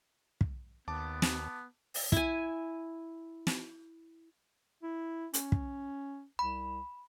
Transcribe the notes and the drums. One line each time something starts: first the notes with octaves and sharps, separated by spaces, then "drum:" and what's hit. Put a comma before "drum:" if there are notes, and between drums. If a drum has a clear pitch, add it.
drum: kick
D#2 B3 A5 D6
drum: snare
drum: open hi-hat
E4 G#5, drum: kick
drum: snare
E4
C#4, drum: hi-hat
drum: kick
C2 B5